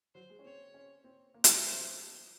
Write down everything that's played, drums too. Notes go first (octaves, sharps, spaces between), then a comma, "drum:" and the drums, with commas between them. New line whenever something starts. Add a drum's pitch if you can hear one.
F#3 C5
G#3
C#4
C4 C#5
C#4
C4
A#3
G#3, drum: hi-hat
G#3
F#3 C5
F3